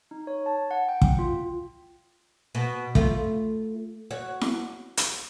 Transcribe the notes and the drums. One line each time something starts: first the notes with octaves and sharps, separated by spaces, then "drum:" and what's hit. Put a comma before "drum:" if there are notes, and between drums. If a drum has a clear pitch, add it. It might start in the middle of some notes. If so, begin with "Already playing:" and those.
D#4
C#5
A5
F#5
G5
G5, drum: kick
F4
B2
A3 F4, drum: kick
F#4 C#5
drum: snare E4
drum: hi-hat